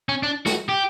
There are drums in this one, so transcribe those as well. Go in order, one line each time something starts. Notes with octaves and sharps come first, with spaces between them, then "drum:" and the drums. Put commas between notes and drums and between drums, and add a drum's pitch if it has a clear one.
C#4
D4
F#4, drum: snare
G4